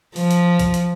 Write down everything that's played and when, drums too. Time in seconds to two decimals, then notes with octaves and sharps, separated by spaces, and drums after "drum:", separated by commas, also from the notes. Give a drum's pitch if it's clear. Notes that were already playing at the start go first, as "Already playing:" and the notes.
0.16 F3, drum: open hi-hat
0.31 drum: hi-hat
0.59 drum: kick, hi-hat
0.74 drum: hi-hat